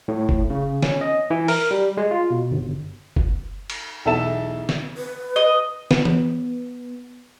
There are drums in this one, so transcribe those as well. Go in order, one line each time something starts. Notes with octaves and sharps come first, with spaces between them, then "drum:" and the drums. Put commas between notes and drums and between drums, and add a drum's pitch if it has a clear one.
A2
drum: kick F#1
C#3
C#4, drum: snare
D#5
E3
A#4, drum: open hi-hat
G3
G#3
F4
B2
G1
drum: kick F#1
drum: cymbal
B1 E2 A4 E5 A5 E7
drum: snare
B4
D#5
B3, drum: snare
drum: tom E3